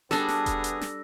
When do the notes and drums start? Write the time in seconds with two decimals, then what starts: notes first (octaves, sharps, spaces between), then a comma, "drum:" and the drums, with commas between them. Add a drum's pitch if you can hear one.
0.11 G3 B3 D4 G#4 A4 E6 A#6, drum: snare
0.28 drum: snare
0.46 drum: kick E1, hi-hat
0.64 drum: hi-hat
0.81 drum: snare